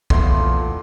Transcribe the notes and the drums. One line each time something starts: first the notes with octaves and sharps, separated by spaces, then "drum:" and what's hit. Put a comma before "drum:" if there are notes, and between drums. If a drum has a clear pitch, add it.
E2 A#2 A3 C6, drum: kick